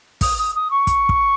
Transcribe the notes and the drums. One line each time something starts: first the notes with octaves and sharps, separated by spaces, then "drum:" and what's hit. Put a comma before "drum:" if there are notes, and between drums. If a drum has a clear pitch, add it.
D#6, drum: kick, open hi-hat
D#6
D#6
C#6
drum: kick, hi-hat
drum: kick